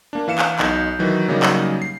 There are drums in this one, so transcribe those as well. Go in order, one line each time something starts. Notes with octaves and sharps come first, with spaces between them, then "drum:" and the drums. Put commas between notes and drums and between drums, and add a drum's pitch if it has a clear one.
A#3 D4
E3 F5 C#7 E7
drum: clap
B1 D#4 G6, drum: clap
D#3 E3 F#3 D#4
C#3 F#3 G3 A#3 C#4 D#4
drum: clap
C7